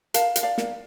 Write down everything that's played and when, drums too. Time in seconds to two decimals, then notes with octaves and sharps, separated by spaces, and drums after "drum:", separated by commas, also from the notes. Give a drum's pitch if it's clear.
0.14 A#4 F5 A5, drum: hi-hat
0.36 A#4, drum: hi-hat
0.43 D5 F5
0.58 A#4, drum: snare